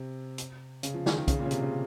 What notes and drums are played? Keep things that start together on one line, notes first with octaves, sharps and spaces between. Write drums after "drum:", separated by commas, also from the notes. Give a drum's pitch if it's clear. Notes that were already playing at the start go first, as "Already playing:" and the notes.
Already playing: C3
drum: hi-hat
C#3, drum: hi-hat
F3
D#3, drum: snare
D#3
C#3, drum: kick, hi-hat
A#2
C#3
C3, drum: hi-hat
C#3